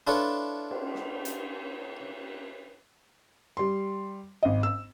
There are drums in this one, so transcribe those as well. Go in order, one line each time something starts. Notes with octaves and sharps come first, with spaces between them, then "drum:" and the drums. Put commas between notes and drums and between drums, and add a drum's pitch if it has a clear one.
D4 E4 F4 A4 B4 C#5
drum: cymbal
drum: snare
drum: hi-hat
G3 C6
G#1 D#5
E6